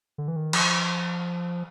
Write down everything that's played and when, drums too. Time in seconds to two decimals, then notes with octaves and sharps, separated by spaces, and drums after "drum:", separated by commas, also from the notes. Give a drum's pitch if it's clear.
0.18 D3
0.28 E3
0.36 D#3
0.53 F3, drum: cymbal